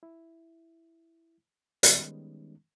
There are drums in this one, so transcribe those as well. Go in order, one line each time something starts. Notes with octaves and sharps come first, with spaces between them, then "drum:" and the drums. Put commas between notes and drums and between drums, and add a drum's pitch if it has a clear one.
E4
D#3 G3 G#3 B3 C#4 D#4, drum: hi-hat